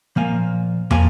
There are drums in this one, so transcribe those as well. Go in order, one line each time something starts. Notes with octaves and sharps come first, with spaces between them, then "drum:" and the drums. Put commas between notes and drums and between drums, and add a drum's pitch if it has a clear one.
A#2 F3 A#3 F5 G#5
A#2 F3 A#3 F5 G#5, drum: tom